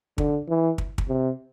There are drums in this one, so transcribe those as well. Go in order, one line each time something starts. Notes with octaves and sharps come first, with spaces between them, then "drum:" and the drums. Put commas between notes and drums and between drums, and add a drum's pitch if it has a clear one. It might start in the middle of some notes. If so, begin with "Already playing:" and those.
D3, drum: kick
E3
drum: kick
drum: kick
C3